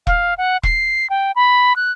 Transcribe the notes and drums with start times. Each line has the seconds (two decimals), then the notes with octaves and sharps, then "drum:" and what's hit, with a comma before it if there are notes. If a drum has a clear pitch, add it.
0.07 F5, drum: kick E1
0.38 F#5
0.63 C7, drum: kick E1
1.10 G5
1.36 B5
1.76 F#6